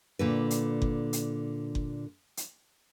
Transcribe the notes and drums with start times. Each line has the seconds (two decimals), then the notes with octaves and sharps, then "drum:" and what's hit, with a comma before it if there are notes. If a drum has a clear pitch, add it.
0.19 A#2 D3 B4
0.50 drum: hi-hat
0.82 drum: kick F#1
1.13 drum: hi-hat
1.75 drum: kick F#1
2.37 drum: hi-hat